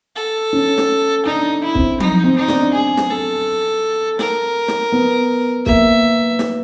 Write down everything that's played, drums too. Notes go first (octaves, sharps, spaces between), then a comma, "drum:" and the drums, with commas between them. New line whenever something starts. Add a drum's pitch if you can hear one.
A4
C#4
drum: snare
D4 D#4
E4
C4, drum: kick
D#4, drum: tom F3
C4
D#4
D4, drum: snare
G#4
drum: snare
A4
A#4, drum: snare
drum: snare
B3
A#3 E5, drum: kick
drum: snare